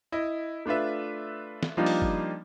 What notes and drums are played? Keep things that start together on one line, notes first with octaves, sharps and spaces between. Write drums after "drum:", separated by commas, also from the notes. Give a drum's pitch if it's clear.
E4 D#5
A3 D4 F4 B4 E5
drum: snare
F3 G3 A#3 D4 D#4 F4
drum: open hi-hat
drum: kick